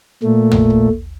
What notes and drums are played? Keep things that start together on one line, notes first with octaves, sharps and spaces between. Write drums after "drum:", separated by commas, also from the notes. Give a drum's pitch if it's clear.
A#2 A3
drum: tom
drum: kick